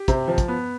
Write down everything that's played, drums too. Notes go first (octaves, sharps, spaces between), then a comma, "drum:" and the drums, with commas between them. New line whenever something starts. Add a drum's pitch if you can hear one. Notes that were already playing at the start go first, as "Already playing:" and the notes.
Already playing: G4
C3, drum: kick, hi-hat
F3
drum: kick, hi-hat
B3